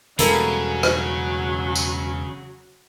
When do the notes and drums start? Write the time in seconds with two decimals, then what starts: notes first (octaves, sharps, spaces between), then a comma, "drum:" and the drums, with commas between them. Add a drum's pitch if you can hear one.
0.19 E1 C#3 F#3 G3 A#3 E4 A4, drum: hi-hat
0.83 drum: rim click
1.76 drum: tambourine